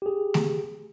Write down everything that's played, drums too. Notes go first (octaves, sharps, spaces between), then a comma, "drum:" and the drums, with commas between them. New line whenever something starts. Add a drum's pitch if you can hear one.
G4 G#4
drum: snare